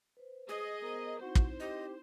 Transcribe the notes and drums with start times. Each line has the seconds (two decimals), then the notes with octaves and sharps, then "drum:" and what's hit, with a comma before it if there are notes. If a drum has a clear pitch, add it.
0.17 B4 C5
0.49 G#4 D#5
0.82 B3 A#4 C5
1.21 C4 D#4 E4 F#4 C5
1.35 drum: kick
1.60 G4 D#5